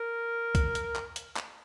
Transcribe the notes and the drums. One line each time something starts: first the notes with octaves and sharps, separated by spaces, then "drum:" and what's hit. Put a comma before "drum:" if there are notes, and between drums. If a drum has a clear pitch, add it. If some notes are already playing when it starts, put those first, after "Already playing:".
Already playing: A#4
drum: kick C2, hi-hat
drum: hi-hat
drum: clap
drum: hi-hat
drum: clap